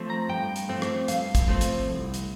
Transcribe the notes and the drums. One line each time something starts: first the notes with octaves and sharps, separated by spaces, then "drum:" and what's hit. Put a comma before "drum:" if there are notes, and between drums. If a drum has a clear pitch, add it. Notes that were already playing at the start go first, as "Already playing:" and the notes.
Already playing: F3 A3 C4
A#5
G2 G5
drum: hi-hat
F3 A3 C4
drum: rim click
G2 F5, drum: hi-hat
drum: kick, hi-hat
F3 A3 C4
drum: hi-hat
C2
drum: hi-hat